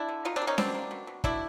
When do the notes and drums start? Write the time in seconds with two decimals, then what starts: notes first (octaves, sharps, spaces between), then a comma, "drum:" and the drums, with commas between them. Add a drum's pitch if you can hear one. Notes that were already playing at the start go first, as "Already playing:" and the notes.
Already playing: D4 E4
0.09 D3
0.25 B2 D#4 F4
0.36 C4 D4
0.42 A#3
0.47 C#4 D#4
0.58 B2 C4 D4, drum: snare C#4
0.74 A#3
0.91 B2
1.07 B2
1.24 B2 D4 E4, drum: kick